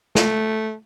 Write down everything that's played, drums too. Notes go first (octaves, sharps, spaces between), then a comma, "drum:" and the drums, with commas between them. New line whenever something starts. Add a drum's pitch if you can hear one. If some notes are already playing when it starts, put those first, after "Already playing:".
A3, drum: snare